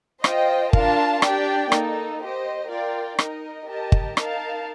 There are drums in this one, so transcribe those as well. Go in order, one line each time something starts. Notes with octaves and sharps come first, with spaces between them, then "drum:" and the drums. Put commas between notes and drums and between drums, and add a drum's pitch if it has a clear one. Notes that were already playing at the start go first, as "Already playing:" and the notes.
F4 C5 D#5 G5, drum: rim click
D4 F4 A#4 F5 A5, drum: kick G1
D4 G4 D5 G5, drum: rim click
A#3 D#4 A4, drum: rim click
G4 C5 D#5
F4 A#4 D5 G5
D#4 A#4 D#5, drum: rim click
G4 A#4 D#5 A5
drum: kick G1
D#4 A#4 F5 A5, drum: rim click